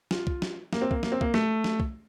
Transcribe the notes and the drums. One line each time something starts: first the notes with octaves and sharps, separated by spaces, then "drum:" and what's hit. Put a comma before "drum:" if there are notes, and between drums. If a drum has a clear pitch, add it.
F4, drum: snare
drum: kick
drum: snare
A#3, drum: snare
C4
A#3, drum: kick
A#3, drum: snare
C4
A#3, drum: kick
A3, drum: snare
drum: snare
drum: kick